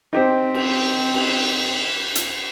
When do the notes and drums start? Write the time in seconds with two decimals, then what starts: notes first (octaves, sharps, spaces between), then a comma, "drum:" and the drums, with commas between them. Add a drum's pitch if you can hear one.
0.13 C4 D#4 G4 C5
0.54 drum: cymbal
1.14 drum: cymbal
2.15 drum: hi-hat